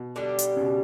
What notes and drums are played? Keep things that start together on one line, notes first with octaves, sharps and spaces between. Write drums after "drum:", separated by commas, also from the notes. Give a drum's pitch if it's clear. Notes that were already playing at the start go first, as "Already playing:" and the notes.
Already playing: B2
D3 G3 D4 G4
drum: hi-hat
C#3
B2